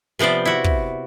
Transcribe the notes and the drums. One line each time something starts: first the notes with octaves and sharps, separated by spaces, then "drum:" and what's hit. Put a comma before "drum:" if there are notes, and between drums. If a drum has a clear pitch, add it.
C3 F3 B3 C5 D5
E4 F#4
drum: kick